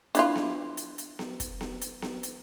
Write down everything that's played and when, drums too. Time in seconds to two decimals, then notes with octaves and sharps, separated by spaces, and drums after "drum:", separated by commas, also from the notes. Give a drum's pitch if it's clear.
0.15 D4 E4 F4, drum: hi-hat
0.36 drum: snare B3
0.77 drum: hi-hat
0.98 drum: hi-hat
1.19 drum: snare B3
1.40 drum: kick, hi-hat
1.61 drum: snare B3
1.81 drum: hi-hat
2.02 drum: snare B3
2.23 drum: hi-hat